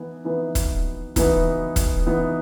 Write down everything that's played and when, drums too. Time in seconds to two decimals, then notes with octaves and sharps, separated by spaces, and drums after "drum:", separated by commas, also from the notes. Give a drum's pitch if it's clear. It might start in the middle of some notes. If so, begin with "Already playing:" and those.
Already playing: E3 B3 D#4
0.25 E3 B3 D#4
0.55 drum: kick, hi-hat
1.16 E3 B3 D#4, drum: kick, hi-hat
1.76 drum: kick, hi-hat
2.06 E3 B3 D#4